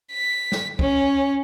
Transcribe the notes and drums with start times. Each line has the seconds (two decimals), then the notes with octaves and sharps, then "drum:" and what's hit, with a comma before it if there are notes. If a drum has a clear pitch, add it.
0.12 B6
0.52 drum: snare
0.79 C#4, drum: kick